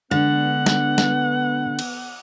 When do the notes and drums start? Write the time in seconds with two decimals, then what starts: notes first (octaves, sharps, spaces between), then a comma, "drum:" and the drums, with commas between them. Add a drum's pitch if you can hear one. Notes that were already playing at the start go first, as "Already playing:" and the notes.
0.11 D3 G#3 B3 D4 F#5
0.66 drum: snare
0.98 drum: snare
1.79 drum: cymbal